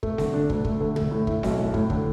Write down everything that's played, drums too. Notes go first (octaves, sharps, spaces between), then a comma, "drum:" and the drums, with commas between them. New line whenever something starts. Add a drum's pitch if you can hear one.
A3, drum: kick
D3, drum: snare C4
D4
D2, drum: kick
A3, drum: kick
D3
A3, drum: tom
A2
E4, drum: kick
B1, drum: snare C4
A3
A2, drum: kick
D3, drum: kick